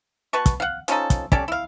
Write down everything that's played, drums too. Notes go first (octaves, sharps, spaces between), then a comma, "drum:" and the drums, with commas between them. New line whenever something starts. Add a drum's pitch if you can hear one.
B2 B4 A5 C#6
drum: kick, hi-hat
F5 F#5
F3 C#4 D#4 A4, drum: hi-hat
drum: kick, hi-hat
C#4 G4 A4 D5, drum: kick
E4 F5